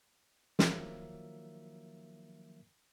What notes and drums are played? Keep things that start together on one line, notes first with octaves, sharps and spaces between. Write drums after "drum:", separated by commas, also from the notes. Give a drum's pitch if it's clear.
D#3 F3 F#3 A#3 A#4 E5, drum: snare